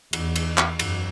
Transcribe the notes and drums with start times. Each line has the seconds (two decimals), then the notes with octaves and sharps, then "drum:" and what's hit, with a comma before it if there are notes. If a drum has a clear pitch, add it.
0.13 E2, drum: cymbal
0.36 drum: cymbal
0.58 drum: clap
0.79 F#2, drum: cymbal